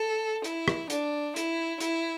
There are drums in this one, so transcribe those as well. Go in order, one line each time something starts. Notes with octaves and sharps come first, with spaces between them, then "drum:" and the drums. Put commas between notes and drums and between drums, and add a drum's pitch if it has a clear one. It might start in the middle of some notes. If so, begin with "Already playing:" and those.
Already playing: A4
E4, drum: hi-hat
drum: rim click
D4, drum: hi-hat
E4, drum: hi-hat
E4, drum: hi-hat